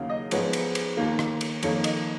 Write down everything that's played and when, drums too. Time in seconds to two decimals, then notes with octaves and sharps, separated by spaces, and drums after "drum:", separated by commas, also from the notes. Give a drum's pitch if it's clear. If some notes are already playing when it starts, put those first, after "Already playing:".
Already playing: D#2 C#3 F#3 A#3 F5
0.09 D#5
0.31 G#2 F3 G#3 B3 C#5, drum: cymbal
0.53 drum: cymbal
0.75 drum: cymbal
0.97 D#2 D#3 A#3
1.19 drum: rim click
1.41 drum: cymbal
1.63 F2 D#3 A#3 C#5, drum: cymbal
1.84 D#5, drum: cymbal